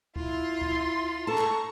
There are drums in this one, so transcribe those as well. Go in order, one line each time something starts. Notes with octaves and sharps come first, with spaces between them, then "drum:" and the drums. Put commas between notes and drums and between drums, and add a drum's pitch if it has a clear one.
E4 F4 C6, drum: kick D2
drum: kick D2
A4 A5 A#5 C#6
drum: clap